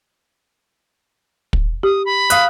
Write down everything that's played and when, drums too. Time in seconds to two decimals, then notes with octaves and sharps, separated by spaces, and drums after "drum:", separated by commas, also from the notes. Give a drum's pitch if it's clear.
1.53 drum: kick
1.83 G4 D#6
2.05 B5
2.30 F5 D#6 F#6, drum: hi-hat